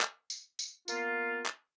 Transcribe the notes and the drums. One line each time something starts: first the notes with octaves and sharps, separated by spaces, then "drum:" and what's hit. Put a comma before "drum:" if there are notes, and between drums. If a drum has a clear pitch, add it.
drum: clap
drum: tambourine
drum: tambourine
A#3 B3 F4, drum: tambourine
drum: clap